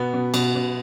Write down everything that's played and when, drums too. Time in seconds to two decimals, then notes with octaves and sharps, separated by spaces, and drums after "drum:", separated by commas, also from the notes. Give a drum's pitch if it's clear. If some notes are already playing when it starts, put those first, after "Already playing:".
Already playing: B2 B3
0.13 B2
0.34 B2, drum: cymbal
0.55 B2